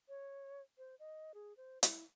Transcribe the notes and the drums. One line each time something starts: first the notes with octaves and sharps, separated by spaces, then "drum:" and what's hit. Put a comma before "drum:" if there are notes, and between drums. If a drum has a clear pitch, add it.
C#5
C5
D#5
G#4
C5
E4, drum: hi-hat